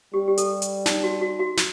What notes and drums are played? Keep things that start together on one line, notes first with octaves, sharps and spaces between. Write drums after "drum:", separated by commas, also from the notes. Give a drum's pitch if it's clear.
G3 G4
G4
A4, drum: hi-hat
drum: hi-hat
D#4, drum: snare
F#4
F#4
F#4
drum: snare